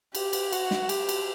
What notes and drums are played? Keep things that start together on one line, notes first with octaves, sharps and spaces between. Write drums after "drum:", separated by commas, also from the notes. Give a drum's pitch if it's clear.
G4, drum: cymbal
drum: cymbal
F#4, drum: cymbal
drum: snare
G4, drum: cymbal
drum: cymbal